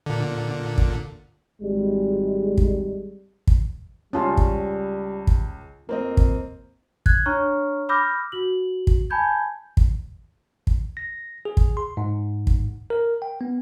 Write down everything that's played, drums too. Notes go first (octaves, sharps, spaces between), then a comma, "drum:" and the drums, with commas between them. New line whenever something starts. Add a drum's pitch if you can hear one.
A#2 D3
drum: kick
G#1 G3 G#3
drum: kick
drum: kick
C#2 G3 C#4 F4 A5
drum: kick
drum: kick
F2 A#3 C4 D#5
drum: kick
F#6 G#6, drum: kick
D4 C#5 A#5 C#6 F6
B5 D6 E6 F6 G6 A#6
F#4 F#7
drum: kick
G#5 A5 B5 G6 G#6
drum: kick
drum: kick
A#6
G#4
drum: kick
C6
G#2
drum: kick
A#4
G5
B3